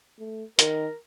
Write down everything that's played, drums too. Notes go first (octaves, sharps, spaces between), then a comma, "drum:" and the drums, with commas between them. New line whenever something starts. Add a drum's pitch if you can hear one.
A3
D#3 A#4, drum: hi-hat